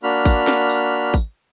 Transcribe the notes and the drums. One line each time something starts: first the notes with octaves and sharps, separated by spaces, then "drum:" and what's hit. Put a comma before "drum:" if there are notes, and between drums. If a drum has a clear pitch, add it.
A#3 D4 F#4 B5 F6
drum: kick G#1, tambourine
drum: snare
drum: tambourine
drum: kick G#1, tambourine